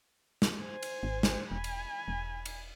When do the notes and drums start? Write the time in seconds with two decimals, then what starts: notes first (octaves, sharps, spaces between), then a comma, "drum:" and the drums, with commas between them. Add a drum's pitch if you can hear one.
0.42 drum: snare
0.60 C5 G#5
0.83 drum: cymbal
1.03 G#1
1.23 drum: snare
1.51 E1 G#5 B5
1.64 drum: cymbal
2.08 E1
2.46 drum: cymbal